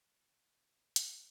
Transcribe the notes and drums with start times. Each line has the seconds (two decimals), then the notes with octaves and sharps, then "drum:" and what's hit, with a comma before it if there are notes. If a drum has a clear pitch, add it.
0.18 C3
0.96 drum: hi-hat